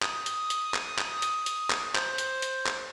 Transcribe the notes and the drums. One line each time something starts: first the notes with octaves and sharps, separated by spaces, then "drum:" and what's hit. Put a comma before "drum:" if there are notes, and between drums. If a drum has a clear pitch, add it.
D#6, drum: clap
drum: hi-hat
drum: hi-hat
drum: clap
drum: clap
drum: hi-hat
drum: hi-hat
drum: clap
C5, drum: clap
drum: hi-hat
drum: hi-hat
drum: clap